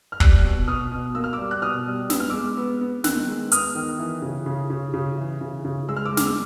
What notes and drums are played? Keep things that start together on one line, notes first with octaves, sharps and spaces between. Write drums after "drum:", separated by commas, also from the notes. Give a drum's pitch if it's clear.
F6
G3 E6 F#6, drum: kick
B2
B2 D#6 F6
B2
A#3 E6
F6
D6 E6
G3
F#6
B2 D#6 F6
G3
B3 E6, drum: snare
F6
G#3 D6 E6
B3
B3
D#3 E6 F#6, drum: snare
G#3
B3 D#6 F6, drum: hi-hat
D#3
E3
C#3
C#3
C#3
C#3
E3
C#3
C#3
G#3 E6
F6
D6 E6
G#3
F6, drum: snare
E6